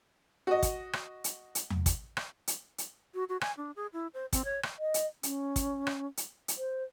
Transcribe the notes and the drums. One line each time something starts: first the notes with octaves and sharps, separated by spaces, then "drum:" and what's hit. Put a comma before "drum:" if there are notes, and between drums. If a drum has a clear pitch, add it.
F#4 D#5
drum: kick, hi-hat
drum: rim click
drum: hi-hat
drum: hi-hat
drum: tom E2
drum: kick, hi-hat
drum: rim click
drum: hi-hat
drum: hi-hat
F#4
F#4
G#5, drum: rim click
D4
G#4
E4
C5
C4, drum: kick, hi-hat
C#5
drum: rim click
D#5
drum: hi-hat
C#4, drum: hi-hat
drum: kick, hi-hat
drum: rim click
drum: hi-hat
drum: hi-hat
C5